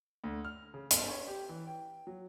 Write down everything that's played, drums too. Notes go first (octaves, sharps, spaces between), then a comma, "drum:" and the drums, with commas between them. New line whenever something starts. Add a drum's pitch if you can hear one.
D2
F6
C#3
G1, drum: hi-hat
C#5
G4
E3
G5
F#3